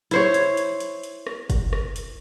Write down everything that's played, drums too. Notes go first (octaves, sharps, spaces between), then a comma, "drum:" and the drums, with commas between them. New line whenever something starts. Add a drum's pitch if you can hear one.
E4 C5 C#5, drum: hi-hat
drum: hi-hat
drum: hi-hat
drum: hi-hat
drum: hi-hat
drum: rim click
drum: kick, hi-hat
drum: rim click
drum: hi-hat